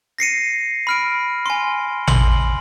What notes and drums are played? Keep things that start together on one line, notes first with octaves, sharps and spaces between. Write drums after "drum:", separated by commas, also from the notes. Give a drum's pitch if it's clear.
A#6 C7 C#7 D#7
B5 F6 D7
G#5 C6
C6 F#7, drum: tom A1